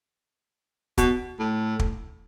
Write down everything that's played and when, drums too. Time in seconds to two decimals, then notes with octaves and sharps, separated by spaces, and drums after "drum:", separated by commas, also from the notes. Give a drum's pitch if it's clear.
0.98 B2, drum: kick, hi-hat
1.39 A2
1.79 drum: kick